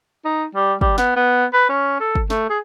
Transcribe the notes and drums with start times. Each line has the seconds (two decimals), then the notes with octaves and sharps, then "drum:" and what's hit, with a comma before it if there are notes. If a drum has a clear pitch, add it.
0.25 D#4
0.55 G3
0.81 G3, drum: kick
0.98 B3, drum: snare
1.17 B3
1.54 B4
1.69 C#4
2.00 A4
2.15 drum: kick
2.30 A3, drum: snare
2.50 G#4